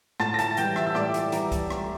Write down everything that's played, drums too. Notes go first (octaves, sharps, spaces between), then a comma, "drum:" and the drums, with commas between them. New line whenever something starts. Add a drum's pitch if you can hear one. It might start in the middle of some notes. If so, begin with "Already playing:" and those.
A2 A5 A6, drum: rim click
A#6
A5 A6, drum: hi-hat
E3 G3 G5 G6, drum: hi-hat
E5 E6, drum: rim click
E6
A2 D5 D6, drum: rim click
drum: hi-hat
E3 G3 A#5, drum: hi-hat
drum: kick C2, hi-hat
drum: rim click